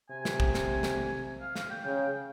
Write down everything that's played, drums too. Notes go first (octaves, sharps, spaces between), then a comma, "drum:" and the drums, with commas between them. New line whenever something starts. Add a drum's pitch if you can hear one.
C3 G#5
drum: snare
drum: kick
drum: snare
drum: snare
F5
F5, drum: snare
G5
C#3 G5
G5